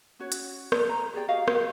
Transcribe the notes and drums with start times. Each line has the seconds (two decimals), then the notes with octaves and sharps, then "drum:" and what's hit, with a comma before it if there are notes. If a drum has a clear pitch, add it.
0.19 C#4 F#4 C#5
0.32 drum: hi-hat
0.72 C5 D5 A5, drum: rim click
0.89 A#5
1.14 G4 G#4 D5 G5
1.28 F#4 G4 D#5 F5
1.48 drum: rim click